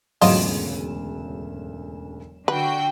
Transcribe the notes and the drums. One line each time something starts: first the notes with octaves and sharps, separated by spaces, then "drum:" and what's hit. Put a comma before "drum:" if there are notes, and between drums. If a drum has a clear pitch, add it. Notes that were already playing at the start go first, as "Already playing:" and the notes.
E1 D2 G#2 C#3 F#3 F4 D#5 E7, drum: open hi-hat
D3 F#4 B4 F#5 G5